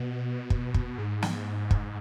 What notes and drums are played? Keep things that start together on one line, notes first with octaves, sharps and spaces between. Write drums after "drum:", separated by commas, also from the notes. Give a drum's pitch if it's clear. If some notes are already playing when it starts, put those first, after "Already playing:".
Already playing: B2
drum: kick
drum: kick
G#2
drum: snare
drum: kick